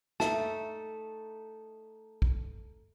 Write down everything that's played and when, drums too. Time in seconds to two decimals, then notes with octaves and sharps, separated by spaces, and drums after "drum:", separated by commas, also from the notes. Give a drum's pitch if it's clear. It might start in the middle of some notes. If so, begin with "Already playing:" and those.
0.20 A3 D#4 A5, drum: snare
2.22 drum: kick A#1